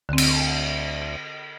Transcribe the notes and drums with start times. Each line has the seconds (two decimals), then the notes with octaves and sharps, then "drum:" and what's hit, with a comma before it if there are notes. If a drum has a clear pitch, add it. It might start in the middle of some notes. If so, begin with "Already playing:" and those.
0.09 D2 D3 C4
0.18 drum: cymbal